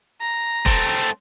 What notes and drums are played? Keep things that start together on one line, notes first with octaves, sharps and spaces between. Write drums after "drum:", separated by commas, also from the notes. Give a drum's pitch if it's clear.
A#5
A3 C4, drum: kick E1